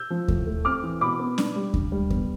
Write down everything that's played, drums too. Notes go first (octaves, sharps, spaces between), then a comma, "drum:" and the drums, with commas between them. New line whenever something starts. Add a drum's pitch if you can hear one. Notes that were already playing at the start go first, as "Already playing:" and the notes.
Already playing: E6 G6
F3
A2, drum: kick D#2
A3
C4 D6 F6
E3
B2 B5 D6
B3
D4, drum: snare
G3
G2, drum: kick D#2
G3
B3, drum: kick D#2